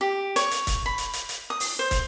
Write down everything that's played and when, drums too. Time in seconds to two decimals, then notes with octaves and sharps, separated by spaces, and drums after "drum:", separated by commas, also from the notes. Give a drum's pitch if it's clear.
0.01 G4
0.36 C#5, drum: hi-hat
0.52 drum: hi-hat
0.67 drum: kick, hi-hat
0.86 B5
0.98 drum: hi-hat
1.13 drum: hi-hat
1.29 drum: hi-hat
1.50 D#6
1.60 drum: open hi-hat
1.79 C5
1.91 drum: kick, hi-hat